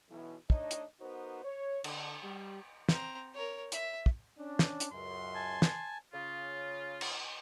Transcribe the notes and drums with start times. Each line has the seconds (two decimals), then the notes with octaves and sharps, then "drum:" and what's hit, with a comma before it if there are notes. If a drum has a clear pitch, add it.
0.10 B1 E3
0.50 A3 D4 D#4 C#5 D#5, drum: kick
0.71 drum: hi-hat
1.01 B3 D#4 F#4 A#4 C5
1.45 C#5
1.84 D3, drum: cymbal
2.24 G3
2.89 C4 A#5, drum: snare
3.34 A#4 C#5
3.72 E5, drum: hi-hat
4.06 drum: kick
4.39 C#4 D4
4.59 drum: snare
4.80 drum: hi-hat
4.92 C#2 F#2 C6
5.35 G#5 A5
5.62 drum: snare
6.13 C#3 F4
7.01 drum: cymbal